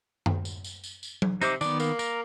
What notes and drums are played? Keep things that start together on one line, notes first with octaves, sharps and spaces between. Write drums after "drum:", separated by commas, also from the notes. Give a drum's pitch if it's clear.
drum: tom F#2
drum: tambourine
drum: tambourine
drum: tambourine
drum: tambourine
drum: tom F#3
C3 D#4 C5 D6, drum: tambourine
D#3 B3 D5, drum: tambourine
A#3, drum: tambourine
A#4, drum: tambourine